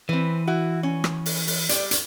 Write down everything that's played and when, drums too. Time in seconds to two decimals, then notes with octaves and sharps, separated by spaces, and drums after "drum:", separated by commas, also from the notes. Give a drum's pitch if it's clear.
0.09 E3 C4 B4
0.47 E4 F#4
0.83 C#4
1.04 drum: rim click
1.26 drum: open hi-hat
1.47 drum: open hi-hat
1.69 G3 D5, drum: hi-hat
1.91 drum: hi-hat